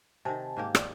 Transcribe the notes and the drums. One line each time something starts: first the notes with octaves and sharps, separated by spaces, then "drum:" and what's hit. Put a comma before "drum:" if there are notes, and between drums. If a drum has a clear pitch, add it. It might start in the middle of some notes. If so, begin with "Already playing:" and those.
C3 D#3 G#5 A5
G#2 A#3 G4
D5, drum: rim click